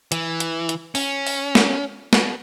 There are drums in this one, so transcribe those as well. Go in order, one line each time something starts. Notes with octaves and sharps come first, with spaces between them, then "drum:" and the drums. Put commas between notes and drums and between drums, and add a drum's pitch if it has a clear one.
E3, drum: hi-hat
drum: hi-hat
drum: hi-hat
C#4, drum: open hi-hat
drum: open hi-hat
drum: snare
drum: snare